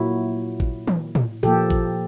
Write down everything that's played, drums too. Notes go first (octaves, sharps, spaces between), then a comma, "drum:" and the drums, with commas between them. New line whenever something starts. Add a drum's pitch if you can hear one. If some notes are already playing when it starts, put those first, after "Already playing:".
Already playing: A#2 F#3 A#3 E4 F#4
drum: kick A1
drum: tom
drum: tom A2
A#2 F3 A#3 G4 A4
drum: kick A1